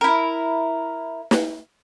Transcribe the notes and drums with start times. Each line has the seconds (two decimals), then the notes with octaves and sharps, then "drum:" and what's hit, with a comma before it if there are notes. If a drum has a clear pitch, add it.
0.01 E4 A#4
1.31 drum: snare